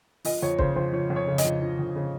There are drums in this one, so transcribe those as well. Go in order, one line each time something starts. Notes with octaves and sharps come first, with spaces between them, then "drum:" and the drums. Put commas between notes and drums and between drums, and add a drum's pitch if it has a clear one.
F3 D#5, drum: open hi-hat
F2 C#5
C#3 C5, drum: kick
F2 C5
F3 C#5
F2
C#5
C#3
D#5, drum: hi-hat
F2
F3
F2
C#3